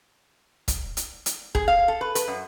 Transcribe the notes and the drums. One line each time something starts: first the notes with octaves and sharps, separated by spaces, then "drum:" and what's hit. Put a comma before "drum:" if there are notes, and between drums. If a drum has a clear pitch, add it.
drum: kick, hi-hat
drum: hi-hat
drum: hi-hat
G#4, drum: kick
F5
A4
B4
B4, drum: hi-hat
F#2